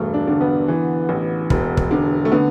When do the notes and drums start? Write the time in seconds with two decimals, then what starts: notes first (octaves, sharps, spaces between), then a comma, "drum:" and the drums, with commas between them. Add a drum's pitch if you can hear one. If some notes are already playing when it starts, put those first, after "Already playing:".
Already playing: E1 G2 A3
0.14 D4
0.27 D3
0.41 B3
0.68 E3
1.09 A1
1.50 E1, drum: kick
1.77 drum: kick
1.91 D3
2.25 A3
2.32 D3 B3